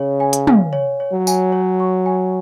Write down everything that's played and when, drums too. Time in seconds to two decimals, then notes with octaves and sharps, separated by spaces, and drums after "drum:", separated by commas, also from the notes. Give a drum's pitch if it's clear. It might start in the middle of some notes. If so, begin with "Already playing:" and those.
Already playing: C#3 C#5
0.20 G#5
0.33 drum: hi-hat
0.47 F5, drum: tom
0.73 C#5
1.00 C#5
1.13 F#3
1.27 G#5, drum: tambourine
1.52 C#5
1.80 C#6
2.06 G#5